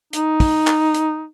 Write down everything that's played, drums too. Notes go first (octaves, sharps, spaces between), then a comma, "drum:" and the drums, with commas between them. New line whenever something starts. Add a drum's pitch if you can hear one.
D#4, drum: hi-hat
drum: kick, open hi-hat
drum: clap
drum: hi-hat